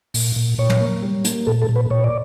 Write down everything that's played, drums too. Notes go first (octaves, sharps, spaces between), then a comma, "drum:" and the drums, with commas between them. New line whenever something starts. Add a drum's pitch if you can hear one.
A#2, drum: open hi-hat
A#2
A#2 C#5
drum: tom
A#3
G3
A#3, drum: hi-hat
A#2 A4
A4
A#2
B4
A#2 C#5
D5